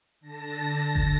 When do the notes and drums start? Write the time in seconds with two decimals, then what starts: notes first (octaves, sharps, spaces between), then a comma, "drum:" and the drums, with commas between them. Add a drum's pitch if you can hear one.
0.21 D3 A5 A#6
0.95 drum: kick F#1